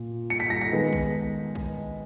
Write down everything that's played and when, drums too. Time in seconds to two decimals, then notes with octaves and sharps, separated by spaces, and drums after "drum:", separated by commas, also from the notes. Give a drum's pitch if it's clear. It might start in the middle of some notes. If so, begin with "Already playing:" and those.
Already playing: A#2
0.30 C#7
0.40 B6
0.50 A#6
0.61 B6
0.72 D#3 G#3 B3
0.93 drum: kick
1.55 drum: kick